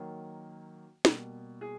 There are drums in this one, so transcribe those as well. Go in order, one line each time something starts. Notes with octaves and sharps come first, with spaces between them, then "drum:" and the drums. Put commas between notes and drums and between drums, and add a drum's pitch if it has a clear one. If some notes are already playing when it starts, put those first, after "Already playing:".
Already playing: D#3 F#3 A#3
B2 G3 A#3, drum: snare
G#4